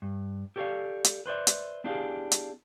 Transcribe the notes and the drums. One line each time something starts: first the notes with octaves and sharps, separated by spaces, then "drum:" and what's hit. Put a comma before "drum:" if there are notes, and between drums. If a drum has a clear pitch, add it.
G2
G4 A4 C#5 D5 F5
drum: hi-hat
B4 C5 D5 E5
drum: hi-hat
B3 D4 E4 G4 G#4 F5
drum: hi-hat